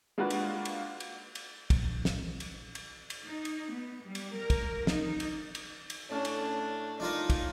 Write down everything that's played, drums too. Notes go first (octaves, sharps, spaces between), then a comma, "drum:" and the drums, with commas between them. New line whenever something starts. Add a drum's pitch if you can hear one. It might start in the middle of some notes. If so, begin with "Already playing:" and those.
G#3 A#3 D4 F4 F#4 B4
drum: cymbal
drum: cymbal
drum: cymbal
drum: cymbal
A#1, drum: kick, cymbal
drum: snare
drum: cymbal
drum: cymbal
drum: cymbal
D#4
drum: cymbal
B3
G3
drum: cymbal
A#4
drum: kick, cymbal
D#4, drum: snare
drum: cymbal
drum: cymbal
drum: cymbal
A2 C#4 D4 A5
drum: cymbal
D4 D#4 F4 A#4
drum: kick, cymbal